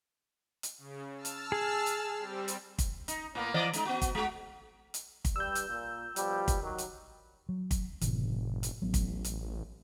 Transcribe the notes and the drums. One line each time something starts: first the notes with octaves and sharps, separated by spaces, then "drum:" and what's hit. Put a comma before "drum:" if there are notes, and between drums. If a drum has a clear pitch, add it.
drum: hi-hat
C#3
A5 E6 F6
drum: hi-hat
G#4
drum: hi-hat
G3 C4
drum: hi-hat
drum: kick, hi-hat
D#4, drum: hi-hat
A2 A#3 B3
E3 D5 D#5
G#3 D#4, drum: hi-hat
B3 F#4
drum: kick, hi-hat
G#3 F#4
drum: hi-hat
drum: kick, hi-hat
G2 G3 E6 G6
drum: hi-hat
A#2
B2 F3 G3, drum: hi-hat
drum: kick, hi-hat
D#3 F#3
drum: hi-hat
F#3
drum: kick, hi-hat
F#1 A2 C3 E3, drum: hi-hat
drum: hi-hat
A1 F#3 B3
drum: kick, hi-hat
drum: hi-hat